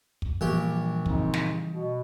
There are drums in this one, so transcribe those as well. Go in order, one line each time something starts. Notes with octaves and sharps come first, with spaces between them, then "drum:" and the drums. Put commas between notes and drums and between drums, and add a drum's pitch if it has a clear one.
drum: kick
A#1 E3 G3 G4
C#3 C4 D#4, drum: kick
drum: snare
B2